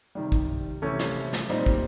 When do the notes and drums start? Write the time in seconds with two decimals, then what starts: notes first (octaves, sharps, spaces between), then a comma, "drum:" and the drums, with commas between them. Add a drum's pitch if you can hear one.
0.15 C3 D#3 G3
0.32 drum: kick
0.82 C3 E3 A3 C#4 E4
0.99 drum: snare
1.33 drum: snare
1.50 A#2 G3 C4 D#4
1.66 drum: kick